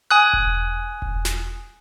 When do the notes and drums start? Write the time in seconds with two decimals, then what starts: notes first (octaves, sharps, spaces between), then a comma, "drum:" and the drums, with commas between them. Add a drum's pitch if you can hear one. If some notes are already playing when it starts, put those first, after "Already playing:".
0.11 G#5 D#6 F#6
0.33 drum: kick E1
1.02 drum: kick E1
1.25 drum: snare